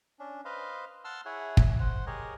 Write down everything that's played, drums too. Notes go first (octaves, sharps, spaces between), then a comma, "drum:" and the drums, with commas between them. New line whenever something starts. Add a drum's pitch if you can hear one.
C#4 D4
B4 C5 D#5 F5
F#5 A5 C6 E6 F6
E4 G#4 C#5 E5 F#5
drum: kick
C5 F#5
G4 G#4 A#4 C#5 D#5